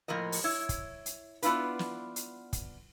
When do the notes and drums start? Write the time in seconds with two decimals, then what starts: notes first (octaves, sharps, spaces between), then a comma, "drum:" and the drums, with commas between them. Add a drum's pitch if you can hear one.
0.08 A2 F3 A#3 A#4 D#5
0.32 drum: open hi-hat
0.44 E4 C#5
0.69 drum: kick, hi-hat
1.06 drum: hi-hat
1.42 B3 D4 E4 F4 B4, drum: hi-hat
1.79 drum: snare
2.16 drum: hi-hat
2.53 drum: kick, hi-hat